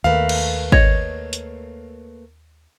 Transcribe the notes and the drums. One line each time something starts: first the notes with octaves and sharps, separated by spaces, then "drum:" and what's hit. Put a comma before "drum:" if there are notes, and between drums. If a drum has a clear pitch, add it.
D#2 A3 A#3 B4 F5
drum: cymbal
C#5 D#5, drum: kick G#1
drum: hi-hat